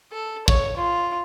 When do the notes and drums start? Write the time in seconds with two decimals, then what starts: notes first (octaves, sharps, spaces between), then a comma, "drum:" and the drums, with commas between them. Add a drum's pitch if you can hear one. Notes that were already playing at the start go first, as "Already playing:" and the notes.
0.13 A4
0.48 C#5, drum: kick
0.77 F4